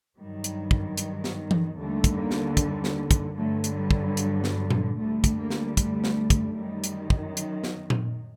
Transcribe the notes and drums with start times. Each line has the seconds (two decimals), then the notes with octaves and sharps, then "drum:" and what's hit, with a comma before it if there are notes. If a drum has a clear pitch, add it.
0.17 G2 D#3 F#3 G3
0.44 drum: hi-hat
0.71 drum: kick
0.97 drum: hi-hat
1.24 drum: snare
1.51 drum: tom E3
1.77 D#2 D3 G3 A3
2.04 drum: kick, hi-hat
2.18 A#3
2.31 drum: snare
2.57 G3, drum: kick, hi-hat
2.84 drum: snare
3.11 drum: kick, hi-hat
3.37 G2 D3 F#3 A3
3.64 drum: hi-hat
3.78 G3
3.91 drum: kick
4.17 drum: hi-hat
4.44 drum: snare
4.70 drum: tom A#2
4.97 D2 D3 G3 A3
5.24 drum: kick, hi-hat
5.37 A#3
5.50 drum: snare
5.77 A3, drum: kick, hi-hat
6.04 drum: snare
6.30 drum: kick, hi-hat
6.57 F#2 D#3 G3
6.84 drum: hi-hat
7.10 drum: kick
7.37 drum: hi-hat
7.64 drum: snare
7.90 drum: tom A#2